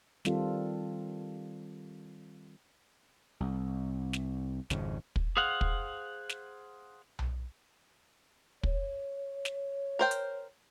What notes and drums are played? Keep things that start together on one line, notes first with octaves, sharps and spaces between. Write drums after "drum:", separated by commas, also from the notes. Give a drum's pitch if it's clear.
D#3 G3 C4 F4 A4, drum: snare
C2
drum: snare
G#1 F2 C#3, drum: snare
drum: kick
G#4 C5 F5 F#5
drum: kick
drum: snare
drum: tom B1
C#5, drum: kick
drum: snare
A#4 C5 G5
drum: hi-hat